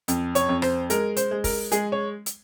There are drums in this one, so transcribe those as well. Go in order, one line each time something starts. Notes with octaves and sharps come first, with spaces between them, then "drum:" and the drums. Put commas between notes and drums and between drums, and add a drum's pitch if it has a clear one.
F2, drum: hi-hat
C#5, drum: hi-hat
F2
C5, drum: rim click
G#3 A#4, drum: hi-hat
C5, drum: hi-hat
G#3
A#4, drum: kick, open hi-hat
G#3 G#4, drum: hi-hat
C#5
drum: hi-hat